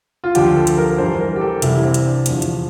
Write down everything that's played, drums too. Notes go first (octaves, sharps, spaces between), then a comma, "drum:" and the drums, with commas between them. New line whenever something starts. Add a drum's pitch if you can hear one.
F4
D2 D3 F3 G4, drum: hi-hat
A4
drum: hi-hat
A#4
G2 E3 C5
A#4
G4
A4
C2 C3 E3 E4, drum: hi-hat
C4
drum: hi-hat
D4
E2 D3 F3, drum: hi-hat
drum: hi-hat